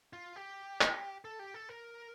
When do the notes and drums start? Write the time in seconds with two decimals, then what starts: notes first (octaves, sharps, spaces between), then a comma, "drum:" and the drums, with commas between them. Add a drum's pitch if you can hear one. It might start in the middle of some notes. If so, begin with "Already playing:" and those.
0.13 F4
0.36 G4
0.81 drum: clap
1.25 A4
1.39 G4
1.54 A4
1.69 A#4